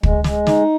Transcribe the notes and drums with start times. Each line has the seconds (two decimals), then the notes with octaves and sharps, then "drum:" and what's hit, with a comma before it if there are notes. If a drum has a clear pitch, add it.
0.03 G#3, drum: kick
0.24 G#3, drum: snare
0.47 D#4, drum: snare